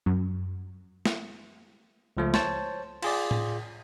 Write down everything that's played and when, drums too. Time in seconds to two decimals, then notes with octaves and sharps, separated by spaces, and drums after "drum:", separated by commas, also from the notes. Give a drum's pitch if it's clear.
0.06 F#2
1.06 drum: snare
2.17 C#2 F3 A3
2.34 C5 C#5 A5, drum: snare
3.03 F4 G#4 D5, drum: cymbal
3.31 drum: tom A2